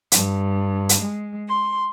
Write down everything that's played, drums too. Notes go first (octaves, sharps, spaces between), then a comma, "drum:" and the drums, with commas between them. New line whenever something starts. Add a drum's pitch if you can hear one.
G2, drum: hi-hat
drum: hi-hat
G#3
C6